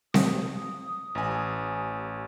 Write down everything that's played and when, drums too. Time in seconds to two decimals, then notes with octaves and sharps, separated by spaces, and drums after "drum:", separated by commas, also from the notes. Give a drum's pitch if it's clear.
0.14 D#6, drum: snare C4
1.15 A1 G#5